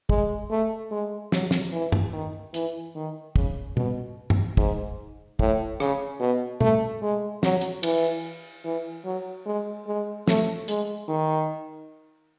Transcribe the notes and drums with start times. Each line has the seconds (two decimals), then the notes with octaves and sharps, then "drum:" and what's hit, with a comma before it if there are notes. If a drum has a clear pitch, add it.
0.09 G#3, drum: kick
0.51 A3
0.91 G#3
1.32 F#3, drum: snare
1.51 drum: snare
1.73 E3
1.92 drum: tom
2.13 D#3
2.54 E3, drum: hi-hat
2.95 D#3
3.36 C#3, drum: kick
3.77 B2, drum: tom B2
4.30 drum: tom
4.57 G#2, drum: kick
5.39 A2, drum: kick
5.80 C#3, drum: rim click
6.20 B2
6.61 A3, drum: tom B2
7.02 G#3
7.43 F#3, drum: snare
7.61 drum: hi-hat
7.83 E3, drum: cymbal
8.65 E3
9.05 F#3
9.46 G#3
9.87 G#3
10.28 A3, drum: snare
10.68 G#3, drum: hi-hat
11.09 D#3